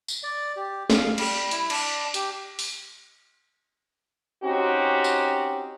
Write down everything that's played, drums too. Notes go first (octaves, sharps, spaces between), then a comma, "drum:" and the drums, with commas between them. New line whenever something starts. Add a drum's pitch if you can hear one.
drum: tambourine
D5
G4
F5, drum: snare
G3, drum: cymbal
E4, drum: hi-hat
D4, drum: cymbal
G4, drum: hi-hat
drum: open hi-hat
C4 C#4 D#4 F#4 G4
drum: tambourine